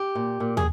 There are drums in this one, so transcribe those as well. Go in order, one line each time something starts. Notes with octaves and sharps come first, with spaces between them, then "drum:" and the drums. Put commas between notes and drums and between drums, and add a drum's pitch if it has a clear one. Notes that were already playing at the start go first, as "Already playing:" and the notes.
Already playing: G4
A#2
A#2
G#4, drum: tom